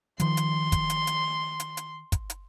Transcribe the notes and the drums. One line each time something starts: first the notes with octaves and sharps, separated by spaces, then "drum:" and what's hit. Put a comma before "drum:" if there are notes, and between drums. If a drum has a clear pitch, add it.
D#3 F3 C6, drum: hi-hat
drum: hi-hat
drum: kick, hi-hat
drum: hi-hat
drum: hi-hat
drum: hi-hat
drum: hi-hat
drum: kick, hi-hat
drum: hi-hat